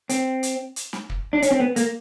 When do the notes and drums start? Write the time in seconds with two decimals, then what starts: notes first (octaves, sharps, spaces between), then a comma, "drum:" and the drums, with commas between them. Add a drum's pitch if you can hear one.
0.09 C4, drum: hi-hat
0.43 drum: hi-hat
0.76 drum: hi-hat
0.93 drum: snare
1.10 drum: kick
1.33 D4
1.42 C#4, drum: hi-hat
1.51 C4
1.60 B3
1.76 A#3, drum: hi-hat